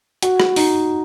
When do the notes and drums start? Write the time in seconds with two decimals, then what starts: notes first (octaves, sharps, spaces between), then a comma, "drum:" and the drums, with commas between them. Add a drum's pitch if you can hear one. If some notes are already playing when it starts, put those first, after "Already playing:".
0.22 F#4, drum: hi-hat
0.40 drum: rim click
0.56 D#4, drum: open hi-hat